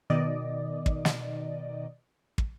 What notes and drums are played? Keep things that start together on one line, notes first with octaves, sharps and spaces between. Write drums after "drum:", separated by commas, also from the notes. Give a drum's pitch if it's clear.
B2 D#3 D5 D#5
drum: kick
drum: snare
drum: kick